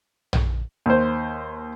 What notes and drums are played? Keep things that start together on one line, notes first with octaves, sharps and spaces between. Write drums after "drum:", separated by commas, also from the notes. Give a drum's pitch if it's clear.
drum: tom A#1
D#2 C5